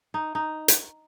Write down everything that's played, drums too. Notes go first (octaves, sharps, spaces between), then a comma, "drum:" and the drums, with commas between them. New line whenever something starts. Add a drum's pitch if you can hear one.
D#4
D#4
drum: hi-hat